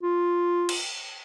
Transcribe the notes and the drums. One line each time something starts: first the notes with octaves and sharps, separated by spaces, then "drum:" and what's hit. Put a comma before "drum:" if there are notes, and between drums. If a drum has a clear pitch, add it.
F4
drum: cymbal